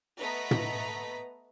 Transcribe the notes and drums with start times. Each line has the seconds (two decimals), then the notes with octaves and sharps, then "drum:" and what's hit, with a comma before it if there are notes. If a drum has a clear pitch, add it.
0.19 A3 B3 B4 D#5 A#5 B6
0.51 drum: tom